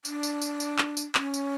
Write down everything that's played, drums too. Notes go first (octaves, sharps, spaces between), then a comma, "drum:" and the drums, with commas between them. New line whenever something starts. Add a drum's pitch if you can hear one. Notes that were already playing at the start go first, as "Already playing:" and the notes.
D4, drum: tambourine
drum: tambourine
drum: tambourine
drum: tambourine
drum: clap
drum: tambourine
C#4, drum: clap
drum: tambourine